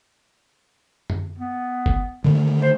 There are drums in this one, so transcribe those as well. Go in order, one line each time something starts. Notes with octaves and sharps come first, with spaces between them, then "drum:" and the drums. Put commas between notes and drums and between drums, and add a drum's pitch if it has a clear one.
drum: tom F#2
B3
drum: kick
D3 D#3 A3
C5